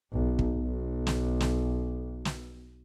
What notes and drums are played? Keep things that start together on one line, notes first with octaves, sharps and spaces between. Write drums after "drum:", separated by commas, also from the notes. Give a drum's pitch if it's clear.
B1
drum: kick
B1
drum: snare
drum: snare
drum: snare